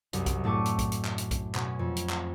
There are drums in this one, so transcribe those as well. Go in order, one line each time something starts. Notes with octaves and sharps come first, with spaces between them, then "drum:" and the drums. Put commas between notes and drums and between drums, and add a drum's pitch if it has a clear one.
C2 F#2, drum: hi-hat
drum: kick B1, hi-hat
A2 A3 A5 C#6 D6 D#7
drum: hi-hat
drum: kick B1, hi-hat
drum: hi-hat
drum: clap
drum: hi-hat
drum: kick B1, hi-hat
B2 C#4, drum: clap
F2
drum: hi-hat
drum: clap